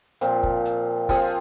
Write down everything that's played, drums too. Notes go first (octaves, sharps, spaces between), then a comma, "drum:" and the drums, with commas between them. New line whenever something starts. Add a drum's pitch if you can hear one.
A#2 F3 C4, drum: hi-hat
drum: kick
drum: hi-hat
F3 C4 F4 G#4, drum: kick, open hi-hat